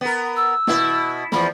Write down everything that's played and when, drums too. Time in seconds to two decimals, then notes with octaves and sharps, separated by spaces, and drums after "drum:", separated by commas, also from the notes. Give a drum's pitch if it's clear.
0.01 B3 A#4
0.36 E6
0.67 B2 E4, drum: snare
1.32 E2 F3 B5, drum: snare